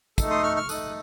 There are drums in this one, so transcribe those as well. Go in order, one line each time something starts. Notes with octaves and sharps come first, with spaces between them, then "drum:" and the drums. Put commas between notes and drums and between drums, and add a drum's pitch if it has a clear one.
A3 D#4 A4, drum: kick, tambourine
C6 D#6
C#6 F6
C#6 F6
A3 D#4 A4 D#6 F#6, drum: tambourine